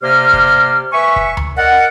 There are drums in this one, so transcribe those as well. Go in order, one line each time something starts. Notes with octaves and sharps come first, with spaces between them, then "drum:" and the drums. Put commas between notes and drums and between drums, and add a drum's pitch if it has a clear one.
C3 A#3 G4 C5 D5 F6
drum: kick
B4 E5 G#5 C#6
drum: kick
drum: tom D2
A#4 D5 D#5 F#5